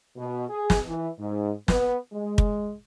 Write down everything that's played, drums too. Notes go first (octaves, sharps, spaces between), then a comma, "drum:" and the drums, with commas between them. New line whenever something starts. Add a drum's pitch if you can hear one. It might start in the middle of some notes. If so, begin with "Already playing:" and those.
B2
G#4
drum: snare
E3
G#2
B3, drum: snare
G#3
drum: kick